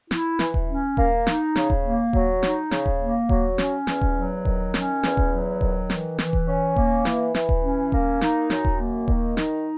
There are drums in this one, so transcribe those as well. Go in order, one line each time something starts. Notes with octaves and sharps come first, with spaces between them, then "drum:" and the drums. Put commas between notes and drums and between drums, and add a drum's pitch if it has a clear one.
E4, drum: snare
E3, drum: snare
drum: kick D#1
C#4
A#3, drum: kick D#1
D#4, drum: snare
C#3, drum: snare
drum: kick D#1
A#3
F#3, drum: kick D#1
D#4, drum: snare
C#3, drum: snare
drum: kick D#1
A#3
F#3, drum: kick D#1
C#4, drum: snare
E2, drum: snare
drum: kick D#1
F#3
D#3, drum: kick D#1
C#4, drum: snare
E2, drum: snare
drum: kick D#1
F#3
D#3, drum: kick D#1
E3, drum: snare
E3, drum: snare
drum: kick D#1
C#4
A#3, drum: kick D#1
E3, drum: snare
E3, drum: snare
drum: kick D#1
C#4
A#3, drum: kick D#1
D#4, drum: snare
F#2, drum: snare
drum: kick D#1
A#3
D#3, drum: kick D#1
D#4, drum: snare